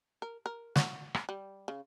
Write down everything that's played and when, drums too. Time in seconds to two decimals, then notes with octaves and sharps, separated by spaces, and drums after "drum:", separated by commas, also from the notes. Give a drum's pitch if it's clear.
0.22 A#4
0.46 A#4
0.76 F#4, drum: snare
1.14 drum: rim click
1.29 G3
1.68 C#3